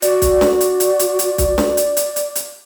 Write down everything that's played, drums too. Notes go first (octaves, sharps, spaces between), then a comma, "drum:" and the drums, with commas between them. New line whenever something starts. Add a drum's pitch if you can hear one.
F#4 D5, drum: hi-hat
drum: kick B1, hi-hat
drum: snare
drum: hi-hat
drum: hi-hat
drum: hi-hat
drum: hi-hat
drum: kick B1, hi-hat
drum: snare
drum: hi-hat
drum: hi-hat
drum: hi-hat
drum: hi-hat